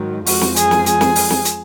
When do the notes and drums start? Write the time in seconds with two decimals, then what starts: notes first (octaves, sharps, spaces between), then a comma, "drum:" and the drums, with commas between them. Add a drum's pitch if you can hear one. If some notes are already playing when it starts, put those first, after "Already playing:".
Already playing: G#2 D#3 F#3
0.26 F2 F3 G#3 F#4, drum: open hi-hat
0.41 drum: snare
0.56 G#4, drum: hi-hat
0.71 drum: snare
0.86 G#4, drum: hi-hat
1.01 drum: snare
1.16 drum: open hi-hat
1.30 drum: snare
1.45 drum: hi-hat